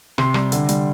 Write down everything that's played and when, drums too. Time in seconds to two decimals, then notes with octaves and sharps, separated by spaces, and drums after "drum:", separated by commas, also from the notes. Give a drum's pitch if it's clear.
0.18 C3 C6, drum: rim click
0.34 G3, drum: rim click
0.52 D3, drum: hi-hat
0.69 G3, drum: hi-hat